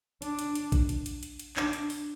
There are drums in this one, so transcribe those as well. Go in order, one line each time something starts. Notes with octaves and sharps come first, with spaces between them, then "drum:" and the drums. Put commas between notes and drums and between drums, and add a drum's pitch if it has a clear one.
D4, drum: hi-hat
drum: hi-hat
drum: hi-hat
drum: kick A#1, hi-hat
drum: hi-hat
drum: hi-hat
drum: hi-hat
drum: hi-hat
D4, drum: clap
drum: hi-hat
drum: open hi-hat